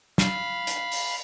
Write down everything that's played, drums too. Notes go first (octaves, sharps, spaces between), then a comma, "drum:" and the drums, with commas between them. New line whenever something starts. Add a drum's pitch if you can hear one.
F5 B5, drum: snare
drum: hi-hat
drum: open hi-hat